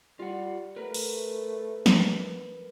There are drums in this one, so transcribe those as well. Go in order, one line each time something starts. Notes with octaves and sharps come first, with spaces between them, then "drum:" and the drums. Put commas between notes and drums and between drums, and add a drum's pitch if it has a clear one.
G3 F4 F#5
A3 A#4 B4
drum: open hi-hat
drum: snare